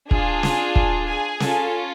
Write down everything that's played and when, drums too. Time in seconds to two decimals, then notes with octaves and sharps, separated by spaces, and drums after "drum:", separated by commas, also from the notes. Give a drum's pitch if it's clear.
0.11 D4 F4 G#4, drum: kick
0.43 drum: snare
0.76 drum: kick
1.08 G#4 G#5
1.40 C#4 F4 A4, drum: snare